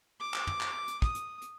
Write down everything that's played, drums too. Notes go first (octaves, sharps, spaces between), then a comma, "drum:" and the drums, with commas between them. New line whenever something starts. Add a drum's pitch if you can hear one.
D6
drum: clap
drum: tom
drum: clap
drum: hi-hat
D#6, drum: kick
drum: hi-hat
drum: hi-hat